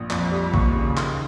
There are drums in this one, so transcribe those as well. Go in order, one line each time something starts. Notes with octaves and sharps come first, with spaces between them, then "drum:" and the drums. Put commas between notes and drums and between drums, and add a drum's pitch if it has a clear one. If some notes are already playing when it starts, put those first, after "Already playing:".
Already playing: A#1 D#6
F2, drum: clap
G3
D#2 C#6, drum: kick A1
C#3
D#3 C6, drum: clap